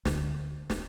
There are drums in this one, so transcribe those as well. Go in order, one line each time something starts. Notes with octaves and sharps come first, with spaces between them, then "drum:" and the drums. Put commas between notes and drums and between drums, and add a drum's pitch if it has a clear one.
D2, drum: snare
drum: snare